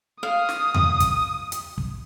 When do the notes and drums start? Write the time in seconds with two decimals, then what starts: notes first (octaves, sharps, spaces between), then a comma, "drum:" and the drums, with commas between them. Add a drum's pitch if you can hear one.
0.23 F5 D#6
0.49 drum: snare
0.74 drum: tom E2
1.00 drum: kick, hi-hat
1.52 drum: hi-hat
1.78 drum: kick